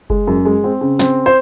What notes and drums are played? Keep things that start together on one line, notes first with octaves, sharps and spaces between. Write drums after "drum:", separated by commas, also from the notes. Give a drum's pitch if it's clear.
G#3, drum: kick F#1
F#2
G#3
C4
C#3
C4, drum: snare
C5